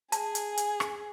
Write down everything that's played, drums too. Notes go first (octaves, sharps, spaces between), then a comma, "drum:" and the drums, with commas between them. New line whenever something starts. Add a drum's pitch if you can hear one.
G#4 G#5 A5, drum: hi-hat
drum: hi-hat
drum: hi-hat
drum: rim click